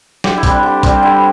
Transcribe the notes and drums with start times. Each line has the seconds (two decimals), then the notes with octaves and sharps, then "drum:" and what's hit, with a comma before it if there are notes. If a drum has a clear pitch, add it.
0.24 D3 G4, drum: snare
0.37 E4
0.43 G3 C4, drum: kick, hi-hat
0.51 D4
0.63 D3
0.83 G3 C4, drum: kick, hi-hat
1.02 D3 E4